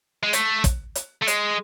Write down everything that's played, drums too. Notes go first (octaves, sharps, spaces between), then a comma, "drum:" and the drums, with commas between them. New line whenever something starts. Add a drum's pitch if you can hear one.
G#3
A3, drum: hi-hat
drum: kick, hi-hat
drum: hi-hat
A3
G#3, drum: hi-hat